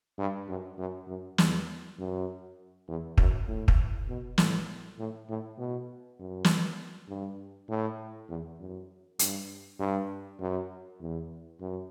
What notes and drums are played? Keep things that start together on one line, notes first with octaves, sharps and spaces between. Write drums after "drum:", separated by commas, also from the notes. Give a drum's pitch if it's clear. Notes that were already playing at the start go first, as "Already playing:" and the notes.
G2
F#2
F#2
F#2
E2, drum: snare
F#2
E2
F#2, drum: kick
A2
drum: kick
B2
A2, drum: snare
A2
A2
B2
F#2
drum: snare
G2
A2
E2
F#2
G2, drum: hi-hat
G2
F#2
E2
F#2